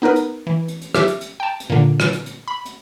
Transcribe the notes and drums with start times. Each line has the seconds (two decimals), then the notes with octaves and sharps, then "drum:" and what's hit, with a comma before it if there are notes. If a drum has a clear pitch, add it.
0.02 B3 D#4 A#4 B4
0.16 drum: hi-hat
0.47 E3
0.68 drum: hi-hat
0.81 drum: hi-hat
0.95 G4 E5, drum: rim click
1.08 drum: hi-hat
1.21 drum: hi-hat
1.40 G5 A5
1.60 drum: hi-hat
1.70 A#2 D3
2.00 drum: rim click
2.13 drum: hi-hat
2.26 drum: hi-hat
2.48 B5
2.65 drum: hi-hat